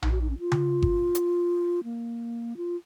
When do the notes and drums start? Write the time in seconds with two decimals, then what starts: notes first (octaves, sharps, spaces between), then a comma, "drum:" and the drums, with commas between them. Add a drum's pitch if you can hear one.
0.02 D#4, drum: tom A#1
0.11 F#4
0.21 D#4
0.30 C#4
0.39 F4
0.52 drum: tom C#3
0.82 drum: kick G1
1.15 drum: hi-hat
1.84 A#3
2.57 F4